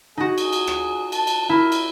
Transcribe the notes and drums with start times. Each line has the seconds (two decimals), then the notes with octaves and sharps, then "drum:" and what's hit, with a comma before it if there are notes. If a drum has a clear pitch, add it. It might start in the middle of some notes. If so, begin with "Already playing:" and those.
0.17 D#4 F#4 G#4
0.38 drum: cymbal
0.53 drum: cymbal
0.67 drum: rim click
1.12 A5, drum: cymbal
1.27 drum: cymbal
1.49 E4 A#4
1.72 drum: cymbal